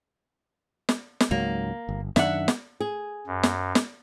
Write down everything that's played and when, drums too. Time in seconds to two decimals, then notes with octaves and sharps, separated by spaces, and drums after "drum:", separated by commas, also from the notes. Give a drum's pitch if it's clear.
0.89 drum: snare
1.20 drum: snare
1.31 C#2 G#2 F#3 A#3
1.89 G1
2.16 F#2 D#3 D4 E5 F#5, drum: snare
2.48 drum: snare
2.80 G#4
3.27 F#2
3.43 drum: snare
3.75 drum: snare